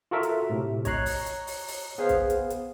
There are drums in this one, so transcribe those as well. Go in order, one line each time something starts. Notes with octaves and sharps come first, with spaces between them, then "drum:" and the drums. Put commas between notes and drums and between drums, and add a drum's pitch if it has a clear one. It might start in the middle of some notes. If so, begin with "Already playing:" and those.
F4 F#4 A4 A#4 E5
drum: hi-hat
A2 C3
C#5 D#5 A#5 F#6 C7, drum: kick, hi-hat
drum: open hi-hat
drum: hi-hat
drum: open hi-hat
drum: open hi-hat
B3 G#4 C5 F5
drum: kick, hi-hat
drum: hi-hat
drum: hi-hat